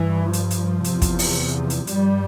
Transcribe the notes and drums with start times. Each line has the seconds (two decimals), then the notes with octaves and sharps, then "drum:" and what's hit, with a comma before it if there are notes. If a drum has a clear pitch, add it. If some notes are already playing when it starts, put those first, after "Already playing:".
Already playing: G2 E3
0.33 F3, drum: hi-hat
0.51 drum: hi-hat
0.84 E2 C3, drum: hi-hat
1.02 drum: kick, hi-hat
1.19 drum: open hi-hat
1.70 drum: hi-hat
1.87 G2 G3, drum: hi-hat